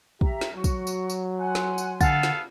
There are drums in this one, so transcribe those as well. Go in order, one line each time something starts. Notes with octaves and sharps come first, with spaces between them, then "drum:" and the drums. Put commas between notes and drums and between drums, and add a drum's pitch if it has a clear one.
G4 E5 A#5, drum: kick
drum: snare
F#3 F#4
drum: kick, tambourine
drum: tambourine
drum: tambourine
F#5 G#5 C6
drum: snare
drum: tambourine
D3 B3 A4 F5 F#5 A6, drum: kick, tambourine
drum: snare